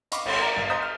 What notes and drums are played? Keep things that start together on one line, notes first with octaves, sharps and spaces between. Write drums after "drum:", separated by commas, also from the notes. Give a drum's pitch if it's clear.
D#5 F5 B5 C#6 D6, drum: hi-hat
G#1 C#4 A4 C6, drum: cymbal
A#4 D5 A#5
G1 F5
C5 D#5 A#5 D#6 G6 B6
F6